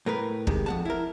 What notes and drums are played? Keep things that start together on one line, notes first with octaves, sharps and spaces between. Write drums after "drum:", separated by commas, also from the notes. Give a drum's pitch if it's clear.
A2 A#4 B4
C3 D#3 G#3, drum: kick
F2 F#5 A5
E4 A#4